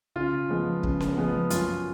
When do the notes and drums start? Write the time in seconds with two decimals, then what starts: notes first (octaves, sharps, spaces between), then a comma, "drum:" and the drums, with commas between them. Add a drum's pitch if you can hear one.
0.16 C#3 F4
0.49 F3 G#3 B3
0.83 C#3, drum: kick
1.00 drum: snare C#4
1.17 F3 G#3 B3
1.50 F#2 F4, drum: hi-hat